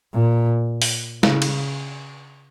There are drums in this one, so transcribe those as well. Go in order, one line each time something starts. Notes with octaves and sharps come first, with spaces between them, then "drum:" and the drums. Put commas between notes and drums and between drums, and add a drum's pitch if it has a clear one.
A#2
drum: open hi-hat
C#3, drum: snare
drum: cymbal